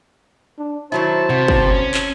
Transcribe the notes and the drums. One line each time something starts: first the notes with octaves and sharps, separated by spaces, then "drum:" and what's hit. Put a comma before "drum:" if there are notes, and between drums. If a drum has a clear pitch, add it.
D4
D#3 F#3 E4 C5 A5
C3 F#4
drum: kick
C#4
drum: clap